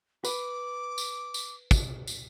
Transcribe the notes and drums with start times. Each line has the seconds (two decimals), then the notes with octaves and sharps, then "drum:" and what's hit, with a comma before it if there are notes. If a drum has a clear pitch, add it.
0.25 B4 D6, drum: tambourine
0.98 drum: tambourine
1.34 drum: tambourine
1.71 drum: kick, tambourine
2.07 drum: tambourine